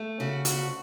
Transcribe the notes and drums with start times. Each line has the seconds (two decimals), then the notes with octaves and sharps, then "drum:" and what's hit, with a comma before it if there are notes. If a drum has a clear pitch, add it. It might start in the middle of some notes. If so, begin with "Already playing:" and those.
Already playing: A3
0.20 C#3 F#4
0.45 F#4, drum: hi-hat
0.57 D2